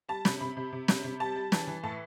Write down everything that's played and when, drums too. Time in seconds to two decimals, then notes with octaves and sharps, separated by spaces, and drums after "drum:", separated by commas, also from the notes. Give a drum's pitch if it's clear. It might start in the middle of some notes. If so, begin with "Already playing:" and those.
0.09 G3 A5
0.25 C3 B5, drum: snare
0.41 C3 B5
0.57 C3
0.73 C3
0.88 C3, drum: snare
1.04 C3
1.20 G3 A5
1.36 G3
1.52 E3, drum: snare
1.67 E3
1.83 A2 A5